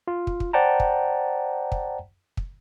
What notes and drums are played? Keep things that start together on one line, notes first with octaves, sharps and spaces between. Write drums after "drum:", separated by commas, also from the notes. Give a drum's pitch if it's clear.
F4
drum: kick
drum: kick
C5 D5 F#5 G5 A5 A#5
drum: kick
drum: kick
drum: kick